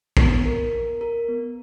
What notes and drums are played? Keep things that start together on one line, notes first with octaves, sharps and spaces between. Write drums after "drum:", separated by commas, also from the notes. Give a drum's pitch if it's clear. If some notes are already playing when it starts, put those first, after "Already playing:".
B3, drum: kick
A#4
A#4
A#4
B3